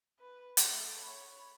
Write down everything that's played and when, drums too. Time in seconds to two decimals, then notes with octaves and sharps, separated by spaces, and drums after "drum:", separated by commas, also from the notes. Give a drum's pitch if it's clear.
0.19 B4
0.57 A3 F#5, drum: hi-hat
0.97 C#5 B5